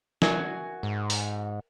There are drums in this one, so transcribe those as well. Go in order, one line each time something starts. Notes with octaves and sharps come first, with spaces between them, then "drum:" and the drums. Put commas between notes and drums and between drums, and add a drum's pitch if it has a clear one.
F#4 A#4 E5 G#5, drum: snare
G#2
drum: open hi-hat